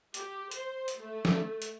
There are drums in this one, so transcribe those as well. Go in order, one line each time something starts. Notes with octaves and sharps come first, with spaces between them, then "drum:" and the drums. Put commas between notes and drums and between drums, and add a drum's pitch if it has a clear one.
G4, drum: hi-hat
C5, drum: hi-hat
drum: hi-hat
A3
drum: snare
drum: hi-hat